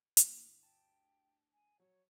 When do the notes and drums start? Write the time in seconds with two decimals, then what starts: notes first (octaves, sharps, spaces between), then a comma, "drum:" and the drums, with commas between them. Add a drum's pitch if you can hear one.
0.17 D2 G2 A#3 E4, drum: hi-hat
0.63 G5 A5
1.53 G#5
1.80 F#3 C#5